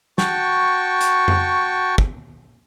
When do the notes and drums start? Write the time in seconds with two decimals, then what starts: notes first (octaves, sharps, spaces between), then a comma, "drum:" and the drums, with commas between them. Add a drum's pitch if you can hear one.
0.18 F#4 G5 A5 C#6, drum: snare
1.01 drum: hi-hat
1.28 drum: tom F2
1.98 drum: kick